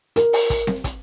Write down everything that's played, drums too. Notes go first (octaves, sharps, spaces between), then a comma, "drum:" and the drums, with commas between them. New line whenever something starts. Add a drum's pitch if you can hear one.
A#4, drum: hi-hat
drum: open hi-hat
drum: kick, hi-hat
drum: snare C4
drum: kick, hi-hat